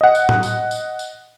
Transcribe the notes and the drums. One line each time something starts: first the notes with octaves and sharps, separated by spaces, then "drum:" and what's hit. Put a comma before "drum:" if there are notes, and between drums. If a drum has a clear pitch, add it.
D#5 F#5
drum: tambourine
drum: tom A2
drum: tambourine
drum: tambourine
drum: tambourine